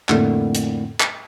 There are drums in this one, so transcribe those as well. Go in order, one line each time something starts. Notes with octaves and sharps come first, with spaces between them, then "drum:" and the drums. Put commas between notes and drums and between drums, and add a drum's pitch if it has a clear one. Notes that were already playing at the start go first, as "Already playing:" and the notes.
F2 A2 D3 A#3 E4, drum: clap
drum: hi-hat
drum: clap